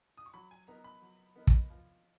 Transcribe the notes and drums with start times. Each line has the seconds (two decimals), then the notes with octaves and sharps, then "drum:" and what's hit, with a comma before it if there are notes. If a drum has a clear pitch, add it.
0.17 D#6
0.26 C#6
0.34 F#3 B5
0.51 G#5
0.67 B3 D#4 A#4 A#5
0.84 B5
1.02 F#3
1.36 B3 D#4 A#4
1.47 drum: kick
1.70 F3